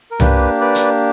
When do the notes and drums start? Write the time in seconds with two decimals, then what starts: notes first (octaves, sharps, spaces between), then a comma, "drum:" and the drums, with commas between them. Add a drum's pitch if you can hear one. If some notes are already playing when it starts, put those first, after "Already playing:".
0.11 A#4
0.20 A#3 D4 G4 B4, drum: tom C2
0.61 B4 D5
0.75 drum: hi-hat